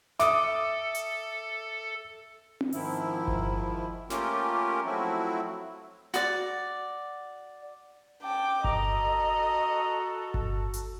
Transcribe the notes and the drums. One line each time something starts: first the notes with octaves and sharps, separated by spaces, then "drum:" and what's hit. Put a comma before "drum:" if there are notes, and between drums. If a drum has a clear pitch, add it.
A4 E5 D6 D#6, drum: snare
drum: hi-hat
drum: tom C4
G#2 D#3 F3 E4, drum: open hi-hat
drum: kick G1
A3 A#3 C#4 F4 G4 A#4, drum: snare
F3 F#3 A3 C4 E4 F#4
F#4 D5, drum: snare
C#4 G5 A5 D6
F#4 A4 D#5 A#5, drum: kick G1
drum: kick G1
drum: hi-hat